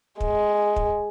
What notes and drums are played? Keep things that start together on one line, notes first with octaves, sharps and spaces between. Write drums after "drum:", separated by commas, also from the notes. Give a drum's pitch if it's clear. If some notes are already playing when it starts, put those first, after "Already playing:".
G#3, drum: kick
drum: kick